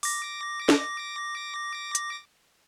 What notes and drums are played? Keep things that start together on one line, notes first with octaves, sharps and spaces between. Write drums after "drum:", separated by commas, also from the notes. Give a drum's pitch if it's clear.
D6 A#6, drum: open hi-hat
drum: snare
drum: hi-hat